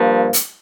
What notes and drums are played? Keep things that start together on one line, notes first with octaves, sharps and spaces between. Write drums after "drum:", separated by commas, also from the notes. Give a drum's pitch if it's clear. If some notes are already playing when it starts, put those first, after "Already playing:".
Already playing: G2 F3 A#3
drum: hi-hat